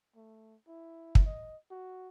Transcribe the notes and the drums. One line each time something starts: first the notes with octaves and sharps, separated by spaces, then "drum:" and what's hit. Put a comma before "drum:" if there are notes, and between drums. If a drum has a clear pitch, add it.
A3
E4
drum: kick
D#5
F#4